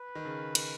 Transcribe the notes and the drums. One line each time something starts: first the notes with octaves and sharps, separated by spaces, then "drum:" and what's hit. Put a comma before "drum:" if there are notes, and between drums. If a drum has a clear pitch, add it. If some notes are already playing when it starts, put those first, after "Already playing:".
Already playing: B4
D#3
C#3
drum: cymbal